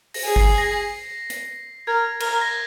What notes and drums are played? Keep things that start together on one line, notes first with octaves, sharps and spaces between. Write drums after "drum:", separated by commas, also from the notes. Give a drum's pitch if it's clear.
A#6, drum: open hi-hat
G#4
C7, drum: kick G1
A#6
drum: hi-hat
A#4 G#6
A#4, drum: cymbal
A#6